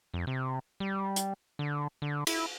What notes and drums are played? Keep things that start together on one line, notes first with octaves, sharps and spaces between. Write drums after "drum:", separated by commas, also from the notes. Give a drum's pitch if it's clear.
F2
C3
G3
drum: hi-hat
D3
D3
E4, drum: cymbal